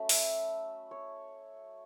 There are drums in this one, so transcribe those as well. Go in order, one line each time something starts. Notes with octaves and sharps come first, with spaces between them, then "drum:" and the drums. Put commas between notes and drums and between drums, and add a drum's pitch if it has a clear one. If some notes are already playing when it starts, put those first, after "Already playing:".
Already playing: F#3 A3 C#4 A5 B5
E5, drum: open hi-hat
C#5